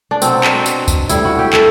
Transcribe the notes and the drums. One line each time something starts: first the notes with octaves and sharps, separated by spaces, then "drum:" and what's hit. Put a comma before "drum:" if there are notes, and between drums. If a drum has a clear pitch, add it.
D4
B2 F#3 C4, drum: tambourine
drum: clap
drum: tambourine
drum: kick D2, tambourine
A2 G3 E4, drum: tambourine
F#4
G4
A4, drum: clap